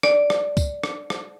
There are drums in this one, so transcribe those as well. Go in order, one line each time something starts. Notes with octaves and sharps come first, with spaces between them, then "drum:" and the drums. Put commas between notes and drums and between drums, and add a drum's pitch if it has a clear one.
D5, drum: rim click
drum: rim click
drum: kick, tambourine
drum: rim click
drum: rim click